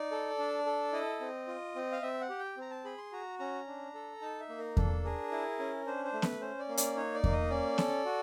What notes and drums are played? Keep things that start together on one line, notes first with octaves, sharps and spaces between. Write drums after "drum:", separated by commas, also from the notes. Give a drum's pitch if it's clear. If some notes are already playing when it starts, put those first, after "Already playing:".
Already playing: D#4 D5
A4
D4
A4
E4 D#5
C4
F4
C4
F5
C4 E5
F#5
G4
G5
C4 A#5
A5
G#4 B5
C6
F#4 A#5
C#4 A#5
D4
A4
D#4 A5
E5
A#3
A#4
D4 A4, drum: kick E2
G#4 A#4
E4
C#4
D4 C5
C5
A3
B4, drum: snare B3
C#4 C5
D5
A#3
D5, drum: hi-hat
D#4 C#5
D5
A#3, drum: kick E2
D#5
C#4 D5
A4, drum: snare B3
F#4